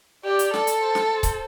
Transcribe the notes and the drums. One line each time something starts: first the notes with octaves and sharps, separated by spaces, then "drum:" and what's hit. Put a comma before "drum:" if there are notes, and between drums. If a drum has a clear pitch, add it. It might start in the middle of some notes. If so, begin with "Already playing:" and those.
G4 D5
drum: hi-hat
A4, drum: snare
drum: hi-hat
C5
drum: snare
C5
drum: kick C#1, hi-hat